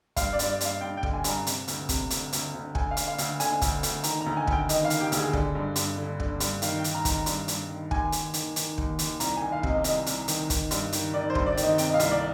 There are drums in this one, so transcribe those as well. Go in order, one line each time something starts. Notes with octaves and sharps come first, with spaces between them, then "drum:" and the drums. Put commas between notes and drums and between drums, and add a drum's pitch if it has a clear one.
G2 F5, drum: kick, hi-hat
D5
G2, drum: hi-hat
D5
G2 F5, drum: hi-hat
G2 G5
G5
D3, drum: kick
G#5
G2, drum: hi-hat
A#5
C3, drum: hi-hat
D2, drum: hi-hat
C3, drum: kick, hi-hat
D2, drum: hi-hat
D2, drum: hi-hat
D2
D2 G#5, drum: kick
F5
D3, drum: hi-hat
F5
D2, drum: hi-hat
D3 G#5, drum: hi-hat
D2, drum: kick, hi-hat
D2, drum: hi-hat
D#3 A#5, drum: hi-hat
A#5
D2
G#5
D2 G5, drum: kick
D#3 D#5, drum: hi-hat
F5
D#3, drum: hi-hat
G4
D2 G#4, drum: hi-hat
D3, drum: kick
G2
G2, drum: hi-hat
D3
D3, drum: kick
G2, drum: hi-hat
D#3 F5, drum: hi-hat
G5
D#3, drum: hi-hat
A#5
D#3, drum: kick, hi-hat
A#5
G2, drum: hi-hat
G2, drum: hi-hat
D#3
D#2 G#5, drum: kick
D#2, drum: hi-hat
D#3, drum: hi-hat
D#3, drum: hi-hat
D#2, drum: kick
D#2, drum: hi-hat
C2 A#5, drum: hi-hat
D#3 G#5
F5
C3, drum: kick
D#5
C2 D#5, drum: hi-hat
C2, drum: hi-hat
D#3, drum: hi-hat
D#3, drum: kick, hi-hat
G2, drum: hi-hat
D#3, drum: hi-hat
D#3 D5
C5
G2, drum: kick
D5
D#3, drum: hi-hat
D#5
C3 G5, drum: hi-hat
D#5
F5
C2, drum: hi-hat
D5